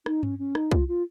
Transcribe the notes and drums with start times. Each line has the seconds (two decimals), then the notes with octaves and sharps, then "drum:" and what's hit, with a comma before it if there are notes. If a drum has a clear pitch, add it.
0.06 D#4, drum: rim click
0.23 C#4, drum: tom G2
0.39 C#4
0.55 D#4, drum: rim click
0.71 F4, drum: kick
0.88 F4